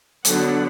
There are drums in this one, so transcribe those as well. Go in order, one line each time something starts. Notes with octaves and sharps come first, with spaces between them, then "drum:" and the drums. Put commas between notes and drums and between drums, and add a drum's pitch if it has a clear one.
D3 F#3 B3 D4 F#5, drum: hi-hat